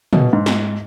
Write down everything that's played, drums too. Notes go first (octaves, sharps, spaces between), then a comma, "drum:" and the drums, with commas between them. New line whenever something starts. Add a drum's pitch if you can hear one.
B2, drum: tom
G#2
drum: snare